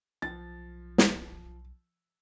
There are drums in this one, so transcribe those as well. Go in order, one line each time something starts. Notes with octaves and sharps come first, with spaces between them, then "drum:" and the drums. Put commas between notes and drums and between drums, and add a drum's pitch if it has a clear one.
B1 F3 A6
drum: snare